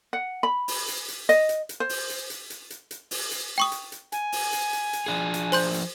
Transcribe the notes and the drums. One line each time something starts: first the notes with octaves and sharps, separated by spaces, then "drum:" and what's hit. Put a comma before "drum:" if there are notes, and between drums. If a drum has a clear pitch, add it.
F#5
B5
drum: open hi-hat
drum: hi-hat
drum: hi-hat
D#5, drum: hi-hat
drum: hi-hat
drum: hi-hat
C5
drum: open hi-hat
drum: hi-hat
drum: hi-hat
drum: hi-hat
drum: hi-hat
drum: hi-hat
drum: open hi-hat
drum: hi-hat
G5 C#6 D#6
drum: hi-hat
drum: hi-hat
G#5, drum: hi-hat
drum: open hi-hat
drum: hi-hat
drum: hi-hat
drum: hi-hat
F3 D4 G#4
drum: hi-hat
C5 C6 G6, drum: open hi-hat
drum: hi-hat